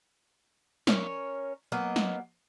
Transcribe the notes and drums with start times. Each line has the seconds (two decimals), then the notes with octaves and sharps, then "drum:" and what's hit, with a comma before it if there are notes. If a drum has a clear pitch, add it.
0.87 C#4 D4 A#4 C#5, drum: snare
1.72 F#3 A#3 B3 D#5
1.96 drum: snare